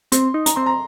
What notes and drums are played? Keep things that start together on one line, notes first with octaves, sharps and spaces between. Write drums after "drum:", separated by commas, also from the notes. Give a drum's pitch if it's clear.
C4 C6, drum: hi-hat
D#4
A#5, drum: hi-hat
C4 C6
A#5